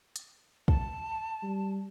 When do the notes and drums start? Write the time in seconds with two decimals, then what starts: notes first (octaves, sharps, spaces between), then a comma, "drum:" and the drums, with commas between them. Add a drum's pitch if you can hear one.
0.16 drum: hi-hat
0.68 A5, drum: kick
1.43 G3